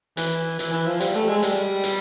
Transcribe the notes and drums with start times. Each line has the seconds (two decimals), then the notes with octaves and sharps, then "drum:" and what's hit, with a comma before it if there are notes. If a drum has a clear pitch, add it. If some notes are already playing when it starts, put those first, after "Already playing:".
0.17 E3, drum: hi-hat
0.59 E3, drum: hi-hat
0.73 E3
0.86 F3
1.01 G3, drum: hi-hat
1.15 A3
1.29 G#3
1.43 G3, drum: hi-hat
1.84 drum: hi-hat